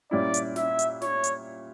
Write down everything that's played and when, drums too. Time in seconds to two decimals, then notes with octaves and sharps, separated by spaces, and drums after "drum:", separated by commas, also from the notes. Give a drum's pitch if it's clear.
0.11 A#2 G3 C#4 E4 D5
0.34 drum: hi-hat
0.56 E5, drum: snare
0.79 drum: hi-hat
1.02 C#5, drum: snare
1.24 drum: hi-hat